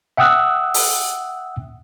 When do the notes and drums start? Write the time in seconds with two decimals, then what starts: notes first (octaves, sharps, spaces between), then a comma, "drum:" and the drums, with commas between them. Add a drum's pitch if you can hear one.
0.17 E5 F#5 G5 D#6 E6 F#6
0.74 drum: open hi-hat